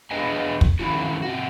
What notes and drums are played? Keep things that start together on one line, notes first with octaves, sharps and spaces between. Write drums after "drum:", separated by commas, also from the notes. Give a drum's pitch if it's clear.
B3 D4 G#4 B4 D#5 G#5
drum: kick
G2 D#3 A3 C#4 E4 F#4
C3 F#4